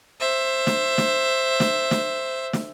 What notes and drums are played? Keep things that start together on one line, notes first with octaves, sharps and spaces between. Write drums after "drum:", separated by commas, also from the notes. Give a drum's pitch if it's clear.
C5 E5
drum: snare
drum: snare
drum: snare
drum: snare
drum: snare